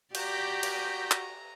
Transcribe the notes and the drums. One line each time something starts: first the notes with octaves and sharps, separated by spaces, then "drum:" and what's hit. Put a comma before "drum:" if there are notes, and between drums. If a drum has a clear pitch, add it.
F#4 G4 D5 A#5 G6 A#6 B6, drum: cymbal
drum: cymbal
drum: clap